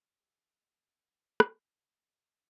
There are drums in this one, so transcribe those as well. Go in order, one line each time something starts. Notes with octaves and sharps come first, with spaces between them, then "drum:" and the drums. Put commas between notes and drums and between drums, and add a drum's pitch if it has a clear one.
G#4 E5 A5
drum: rim click